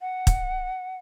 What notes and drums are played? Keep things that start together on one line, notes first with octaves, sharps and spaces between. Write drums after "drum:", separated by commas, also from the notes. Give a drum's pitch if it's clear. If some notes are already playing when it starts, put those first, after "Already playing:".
F#5
drum: kick, hi-hat